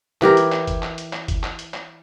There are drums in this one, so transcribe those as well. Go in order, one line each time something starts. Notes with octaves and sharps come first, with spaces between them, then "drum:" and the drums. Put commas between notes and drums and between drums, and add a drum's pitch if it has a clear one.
E3 G4 A#4, drum: clap
drum: hi-hat
drum: clap
drum: kick F#1, hi-hat
drum: clap
drum: hi-hat
drum: clap
drum: kick F#1, hi-hat
drum: clap
drum: hi-hat
drum: clap